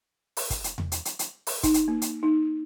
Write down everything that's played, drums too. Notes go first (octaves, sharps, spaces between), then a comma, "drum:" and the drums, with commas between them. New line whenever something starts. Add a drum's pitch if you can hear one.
drum: open hi-hat
drum: kick, hi-hat
drum: hi-hat
drum: tom E2
drum: hi-hat
drum: hi-hat
drum: hi-hat
drum: open hi-hat
D#4, drum: kick, hi-hat
drum: hi-hat
A#3
drum: hi-hat
D#4